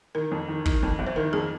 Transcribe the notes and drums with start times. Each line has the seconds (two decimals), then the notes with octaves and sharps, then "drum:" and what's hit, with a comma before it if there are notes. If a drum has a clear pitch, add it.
0.15 D#3 A#4
0.31 F2
0.48 D#3
0.66 D#3, drum: kick
0.83 F2
0.99 G1
1.07 C5
1.16 D#3 A#4
1.33 F2 G#4